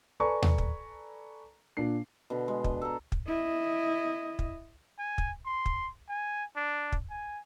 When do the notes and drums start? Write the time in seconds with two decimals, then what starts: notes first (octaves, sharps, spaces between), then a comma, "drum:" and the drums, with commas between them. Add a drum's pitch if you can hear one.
0.20 A4 B4 D5 G#5 A#5 C#6
0.42 drum: tom D#2
0.58 drum: kick
1.77 A#2 D4 C7
2.30 B2 D3
2.48 G#3
2.64 D4 B4, drum: kick
2.81 A4 A#5
3.12 drum: kick
3.28 E4 D#5
4.39 drum: kick
4.99 G#5
5.18 drum: kick
5.45 C6
5.66 drum: kick
6.09 G#5
6.56 D4
6.92 drum: kick
7.10 G#5